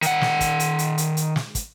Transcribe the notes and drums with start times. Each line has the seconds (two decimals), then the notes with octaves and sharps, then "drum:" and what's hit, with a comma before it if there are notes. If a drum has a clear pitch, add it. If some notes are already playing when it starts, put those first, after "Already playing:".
0.02 D#3 F#5, drum: hi-hat
0.21 drum: snare
0.41 drum: kick, hi-hat
0.60 drum: hi-hat
0.79 drum: hi-hat
0.98 drum: hi-hat
1.17 drum: hi-hat
1.36 drum: snare
1.55 drum: kick, hi-hat